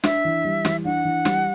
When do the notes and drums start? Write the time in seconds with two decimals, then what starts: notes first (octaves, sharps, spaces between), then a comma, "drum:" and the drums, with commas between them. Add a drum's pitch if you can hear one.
0.04 D4 E5, drum: snare
0.25 E3
0.44 G3
0.65 E3, drum: snare
0.85 D4 F#5
1.05 E3
1.25 G3, drum: snare